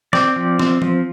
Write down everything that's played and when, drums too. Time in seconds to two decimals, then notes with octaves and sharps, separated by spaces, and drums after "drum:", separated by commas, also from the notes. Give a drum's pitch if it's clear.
0.13 C4 D5, drum: snare
0.36 F3
0.59 C4, drum: snare
0.82 F3, drum: tom E3